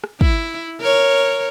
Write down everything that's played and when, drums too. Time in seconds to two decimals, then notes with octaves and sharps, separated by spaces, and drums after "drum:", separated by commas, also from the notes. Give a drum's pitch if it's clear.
0.04 drum: rim click
0.21 E4, drum: kick
0.81 A#4 C#5